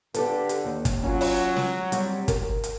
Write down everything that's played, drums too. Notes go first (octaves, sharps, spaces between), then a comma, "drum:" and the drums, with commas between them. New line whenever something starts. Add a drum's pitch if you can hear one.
D3 G4 A4 B4, drum: hi-hat
drum: hi-hat
D#2
drum: kick, hi-hat
F#3 C#4 F4
drum: open hi-hat
drum: snare
G3 C4 C#5, drum: hi-hat
A#4, drum: kick, hi-hat
drum: hi-hat